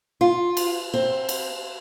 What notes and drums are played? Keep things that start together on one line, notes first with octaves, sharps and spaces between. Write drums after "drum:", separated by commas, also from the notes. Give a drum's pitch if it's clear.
F4
drum: cymbal
C4
drum: cymbal